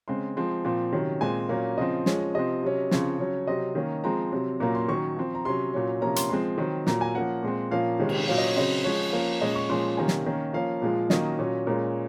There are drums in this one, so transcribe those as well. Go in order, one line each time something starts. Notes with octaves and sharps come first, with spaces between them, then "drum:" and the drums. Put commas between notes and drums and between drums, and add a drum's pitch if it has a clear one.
C#3 G#3 C4 C6
F3 G#3 C4
A#2 F3 C4
C3 D#3 F#3 C#4
A#2 G#3 C4 G#5
A#2 F#3 A#3 C#4
C#3 F3 C4 D#5
F3 G#3 C#4, drum: snare
C3 F3 C4 D#5
C3 F#3 C#4
C#3 F3 C4 C#5, drum: snare
C#3 F#3 C#4
C3 F#3 C4 D#5
D#3 A#3 C#4
F3 G#3 C4 A#5
C3 F#3 C4
A#2 F#3 A#3 C#4 A#5
C6
D#3 F#3 C#4 C#6
F3 C4
A#5
C3 F#3 C#4 C6
A#2 F#3 C#4
C3 F3 A#3 C#4 A#5
C6, drum: hi-hat
F3 G#3 C4 C6
D#3 F#3 C4
A#2 F#3 A#3 A#5, drum: snare
G#5
F3 A#3 C#4 F#5
A#2 G#3 C4
A#2 F3 A#3 C#4 F5
C3 D#3 G#3 C#4
drum: cymbal
A#2 F#3 C#4 F5
D#5
C#5
C#3 F#3 C4 D#5
F3 G#3 C#4 C#5
F3 A#3 C#4
A#2 G#3 C#4 D#5
C#6
A#2 F3 G#3 C#4 C6
C3 D#3 A#3 C#4 G#5
drum: snare
D#3 A#3 C#4
F3 A#3 C#4 F5
A#2 F3 G#3
D#3 F#3 A#3 C#4 D#5, drum: snare
A#2 F#3 C#4
A#2 G#3 C#4 A#4